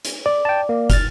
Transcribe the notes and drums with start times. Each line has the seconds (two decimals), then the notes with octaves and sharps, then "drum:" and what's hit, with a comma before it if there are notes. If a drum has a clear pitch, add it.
0.05 drum: hi-hat
0.26 D5
0.45 G5 A5
0.69 A#3
0.90 F6 A6, drum: kick, hi-hat